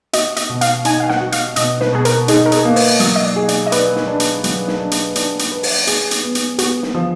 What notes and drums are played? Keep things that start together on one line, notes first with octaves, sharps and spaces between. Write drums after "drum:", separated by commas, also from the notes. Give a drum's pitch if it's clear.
F#4 D#5, drum: hi-hat
D#5, drum: hi-hat
B2
F5, drum: hi-hat
D#4 G#5, drum: hi-hat
F5
F#5, drum: snare
F#4
F5, drum: hi-hat
B2 D#5, drum: hi-hat
B4, drum: snare
B2 G#4
A#4, drum: hi-hat
D#4 G#4, drum: hi-hat
A#4
G#4, drum: hi-hat
A#3
B4, drum: open hi-hat
F#3 D#5, drum: hi-hat
D#5
D5
G#4
D5, drum: hi-hat
D#5
B4 D5, drum: hi-hat
drum: snare
D4
drum: hi-hat
F#3, drum: hi-hat
drum: snare
D4
drum: hi-hat
D4, drum: hi-hat
drum: hi-hat
B4
drum: open hi-hat
G#4, drum: hi-hat
drum: hi-hat
B3
drum: hi-hat
B3 F#4, drum: hi-hat
drum: snare
F3